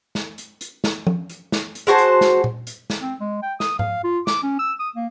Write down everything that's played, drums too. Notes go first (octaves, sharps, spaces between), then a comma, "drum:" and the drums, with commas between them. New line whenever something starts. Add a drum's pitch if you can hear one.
drum: snare
drum: hi-hat
drum: hi-hat
drum: snare
drum: tom F3
drum: hi-hat
drum: snare
drum: hi-hat
G#3 F#4 C5 A5
drum: hi-hat
drum: snare
drum: tom
drum: hi-hat
drum: snare
C4
G#3
G5
D#6, drum: snare
F5, drum: tom G#2
F4
D6, drum: snare
C#4
E6
D#6
A#3